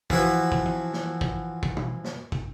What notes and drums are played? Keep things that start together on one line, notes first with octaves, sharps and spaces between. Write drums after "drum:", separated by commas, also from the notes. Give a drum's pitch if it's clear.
E3 F3 E4 F#4 B4, drum: kick
drum: kick
drum: tom
drum: snare
drum: kick
drum: kick
drum: tom
drum: snare
drum: kick